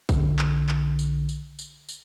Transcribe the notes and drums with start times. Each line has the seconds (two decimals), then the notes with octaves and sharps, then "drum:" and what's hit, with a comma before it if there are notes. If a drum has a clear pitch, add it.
0.09 B1 D3, drum: kick, tambourine
0.39 drum: clap
0.69 drum: clap
0.99 drum: tambourine
1.29 drum: tambourine
1.59 drum: tambourine
1.89 drum: tambourine